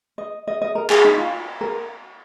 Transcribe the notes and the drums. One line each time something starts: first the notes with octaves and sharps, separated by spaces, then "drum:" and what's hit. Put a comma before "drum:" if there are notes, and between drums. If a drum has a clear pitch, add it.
D#5
D#5
D#5
A#4
G#4, drum: clap
D#4
F4
A#4